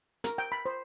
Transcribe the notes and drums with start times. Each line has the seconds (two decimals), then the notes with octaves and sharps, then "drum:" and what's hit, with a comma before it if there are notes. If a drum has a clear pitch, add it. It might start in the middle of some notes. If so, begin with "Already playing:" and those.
0.24 A#4, drum: hi-hat
0.38 G5
0.52 B5
0.66 C5